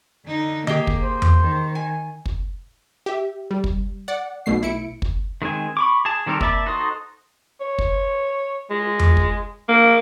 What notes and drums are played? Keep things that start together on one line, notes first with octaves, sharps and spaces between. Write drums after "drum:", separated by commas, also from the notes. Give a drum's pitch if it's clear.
D3 D#4
A#3 G4 G#4 D#5, drum: tom D3
drum: kick
C5
drum: tom E2
D#3
G#5
drum: kick
G4 E5
G3
drum: kick
D5 F#5
B1 B2 A3 C7
B1 E4 C#7 D7
drum: kick
D#3 G#3 C4 G#5
B5 C#6 D6
G#4 A5
D#3 G3 C4 A4 A#4
A#3 D5 E5 A5 B5, drum: kick
D#4 F#4 A4 C5 D#6
C#5
drum: kick
G#3
drum: tom E2
drum: kick
A#3